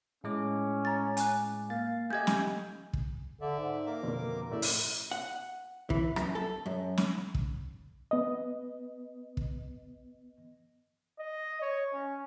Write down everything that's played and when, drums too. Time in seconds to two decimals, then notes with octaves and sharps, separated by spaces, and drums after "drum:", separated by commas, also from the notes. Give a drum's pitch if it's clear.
0.24 A2 G#3 C#4 D6
0.85 A#5 A6
1.17 G#5 F#6, drum: hi-hat
1.70 A#3 F5 A6
2.10 A3 G4 D#5 G#5 G6 G#6
2.27 drum: snare
2.93 drum: kick
3.41 D3 D5 E5
3.59 G#2
3.86 A#3 A#4 D6
4.03 F2 B2 D3 D#3
4.51 A2 C#3 D5 E5
4.62 drum: open hi-hat
5.11 F#5
5.90 E3, drum: kick
6.16 F#2, drum: rim click
6.35 A4
6.66 F#2
6.97 drum: snare
7.35 drum: kick
8.11 B3 D#5
9.37 drum: kick
11.19 D#5
11.62 C#5
11.93 C#4